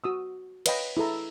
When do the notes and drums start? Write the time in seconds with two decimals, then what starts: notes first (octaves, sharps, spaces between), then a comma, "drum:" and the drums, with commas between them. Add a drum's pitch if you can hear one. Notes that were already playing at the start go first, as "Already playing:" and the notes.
0.04 F#4 D#6 E6
0.66 B4 C#5 D#5 F5 G5 B5, drum: cymbal
0.97 E4 G#4 A4 A#5